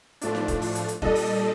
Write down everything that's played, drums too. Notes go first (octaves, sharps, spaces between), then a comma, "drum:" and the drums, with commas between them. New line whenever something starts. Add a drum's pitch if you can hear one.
A2 F3 A3 D4, drum: hi-hat
drum: snare D#4
drum: kick F1, hi-hat
drum: open hi-hat
drum: hi-hat
drum: hi-hat
A#2 G3 D4 A4 D#5, drum: kick F1
drum: open hi-hat